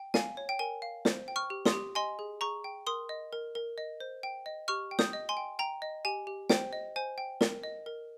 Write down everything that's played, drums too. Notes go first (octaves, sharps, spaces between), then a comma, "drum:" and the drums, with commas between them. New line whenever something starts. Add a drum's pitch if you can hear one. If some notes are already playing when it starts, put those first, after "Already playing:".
Already playing: G5
F5 G#5, drum: snare
C#5
G5
A#4 G#5
F5
C5, drum: snare
G5
C#6 F6
G4
C6 D#6, drum: snare
G4
D#5 G#5 C6
G#4
G#4 A#5 C#6
G5
A#4 C6 D#6
D#5
A#4
A#4
D#5
C5
G5
D#5
G4 C#6 F6
G5
D#6 G6, drum: snare
D#5
G#5 C6
G5
G5 A#5
D#5
G4 G#5
G4
C5 G5, drum: snare
D#5
C5 G#5
G5
A#4, drum: snare
D#5
A#4